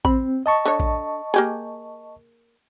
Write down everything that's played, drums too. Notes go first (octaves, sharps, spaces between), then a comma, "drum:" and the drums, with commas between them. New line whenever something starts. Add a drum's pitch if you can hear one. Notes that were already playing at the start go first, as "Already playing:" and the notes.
C4 B5, drum: kick A1
D#5 A5 C#6
D3 C#5
drum: kick A1
A#3 G4 G#4